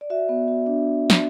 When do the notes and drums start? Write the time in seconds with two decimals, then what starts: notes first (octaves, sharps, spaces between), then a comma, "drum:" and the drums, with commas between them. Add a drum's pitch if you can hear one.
0.01 D5
0.10 F#4 E5
0.29 B3
0.48 F#4
0.66 D4
1.10 drum: snare